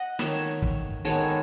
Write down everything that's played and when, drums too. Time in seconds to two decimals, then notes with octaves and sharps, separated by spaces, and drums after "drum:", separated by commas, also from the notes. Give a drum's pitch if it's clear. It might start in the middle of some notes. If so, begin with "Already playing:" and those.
Already playing: D#5 F#5
0.19 D#3 A3 C#5 E5, drum: snare
0.62 drum: kick
1.05 D#3 G#3 B3 A4 C#5